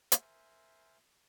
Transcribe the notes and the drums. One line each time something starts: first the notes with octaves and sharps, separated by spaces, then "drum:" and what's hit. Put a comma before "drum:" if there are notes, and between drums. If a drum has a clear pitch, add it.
A#4 C5 E5 G#5 C6, drum: hi-hat